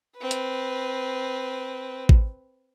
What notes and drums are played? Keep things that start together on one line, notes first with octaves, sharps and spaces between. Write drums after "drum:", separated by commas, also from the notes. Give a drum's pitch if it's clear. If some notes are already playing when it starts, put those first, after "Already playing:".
C4 B4
drum: hi-hat
drum: kick A1